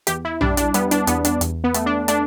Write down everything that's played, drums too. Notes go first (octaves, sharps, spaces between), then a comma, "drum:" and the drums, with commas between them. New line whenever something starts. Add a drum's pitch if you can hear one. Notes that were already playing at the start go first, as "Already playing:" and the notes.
E2 G4, drum: hi-hat
E4
G3 D4, drum: tom A#1
D4, drum: hi-hat
G3 B3, drum: hi-hat
D4, drum: hi-hat
E2 B3, drum: hi-hat
D4, drum: hi-hat
E2, drum: hi-hat
B3
A3, drum: hi-hat
D4
A3 D4, drum: hi-hat